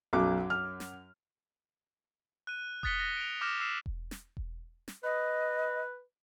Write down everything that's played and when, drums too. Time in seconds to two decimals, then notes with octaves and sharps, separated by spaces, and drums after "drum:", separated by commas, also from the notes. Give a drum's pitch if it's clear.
0.13 B1 F#2 F#3 D6
0.50 F6
0.80 drum: snare
2.47 F#6 D#7
2.83 D#6 F#6 A6 B6 C#7 G7, drum: kick E1
3.00 A#6
3.17 D7 F7
3.41 D6 D#6 F6 G6 A#6 E7
3.60 E6 F6 C7 E7
3.86 drum: kick E1
4.11 drum: snare
4.37 drum: kick E1
4.88 drum: snare
5.04 B4 D#5